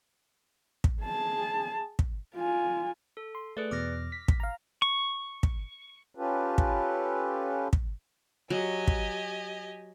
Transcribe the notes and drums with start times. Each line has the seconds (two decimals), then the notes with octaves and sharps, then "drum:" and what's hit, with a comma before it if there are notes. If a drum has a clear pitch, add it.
0.84 drum: kick
1.03 G#4 A5
1.99 drum: kick
2.35 F4 G#5
3.17 A4
3.35 C6
3.57 A3 G#4 B4 D5
3.71 E2 B2 D6 F6 A#6
4.12 B6
4.28 drum: kick
4.40 F5 A#5
4.82 C#6
5.43 drum: kick
6.15 C#4 F4 G4 A4 B4
6.58 drum: kick
7.73 drum: kick
8.50 F#3 G4 D#5 G#5
8.88 drum: kick